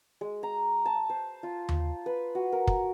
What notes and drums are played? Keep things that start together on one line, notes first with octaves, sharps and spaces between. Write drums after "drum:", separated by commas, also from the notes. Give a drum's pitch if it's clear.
G#3
A#5
A5
C5
F4
drum: tom D#2
B4
F#4
A#4
drum: kick